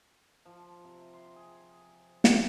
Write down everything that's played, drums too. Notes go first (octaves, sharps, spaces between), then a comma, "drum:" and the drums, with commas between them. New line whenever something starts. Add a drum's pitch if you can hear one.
F3
C3
C6
G#4
drum: snare